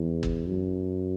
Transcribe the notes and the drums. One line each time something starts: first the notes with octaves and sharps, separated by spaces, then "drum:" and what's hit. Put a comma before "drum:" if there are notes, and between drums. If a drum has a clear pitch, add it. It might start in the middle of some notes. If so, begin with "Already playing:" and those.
Already playing: E2
drum: kick G1
F#2